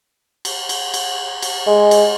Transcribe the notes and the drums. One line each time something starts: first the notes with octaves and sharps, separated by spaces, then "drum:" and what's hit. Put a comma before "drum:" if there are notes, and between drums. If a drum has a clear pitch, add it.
drum: cymbal
drum: cymbal
drum: cymbal
drum: cymbal
G#3
drum: cymbal